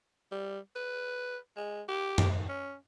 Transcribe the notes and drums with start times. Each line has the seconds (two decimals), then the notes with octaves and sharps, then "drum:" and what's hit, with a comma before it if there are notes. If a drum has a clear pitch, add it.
0.31 G3
0.75 B4
1.56 G#3
1.88 G4
2.18 drum: tom F#2
2.48 C#4